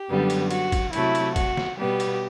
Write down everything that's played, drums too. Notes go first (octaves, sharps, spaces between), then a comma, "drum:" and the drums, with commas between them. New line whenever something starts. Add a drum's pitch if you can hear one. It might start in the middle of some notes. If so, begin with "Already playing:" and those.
Already playing: G4
F#2 D3 G3 B3
drum: cymbal
F#4, drum: cymbal
drum: kick A1, cymbal
C3 F#3 A3 E4, drum: cymbal
drum: cymbal
F#4, drum: kick A1, cymbal
drum: snare
B2 G3 B3 G4
drum: cymbal